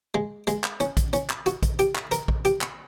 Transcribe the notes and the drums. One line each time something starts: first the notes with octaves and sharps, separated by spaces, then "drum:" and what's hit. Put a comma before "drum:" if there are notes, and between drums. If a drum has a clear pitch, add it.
G#3
G#3, drum: hi-hat
drum: clap
C#4, drum: hi-hat
drum: kick A#1, hi-hat
C#4, drum: hi-hat
drum: clap
F#4, drum: hi-hat
drum: kick A#1, hi-hat
G4, drum: hi-hat
drum: clap
A#4, drum: hi-hat
drum: kick A#1
G4, drum: hi-hat
drum: clap